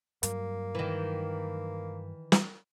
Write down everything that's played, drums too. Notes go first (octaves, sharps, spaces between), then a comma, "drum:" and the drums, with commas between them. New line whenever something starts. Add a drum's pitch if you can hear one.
G2 F#3 A#3, drum: hi-hat
D#3 E3
drum: snare